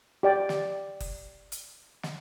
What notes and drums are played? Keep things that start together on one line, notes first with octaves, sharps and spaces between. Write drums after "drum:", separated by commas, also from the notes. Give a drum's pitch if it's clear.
G4 D5 G5
drum: snare
drum: kick F#1, open hi-hat
drum: hi-hat
drum: snare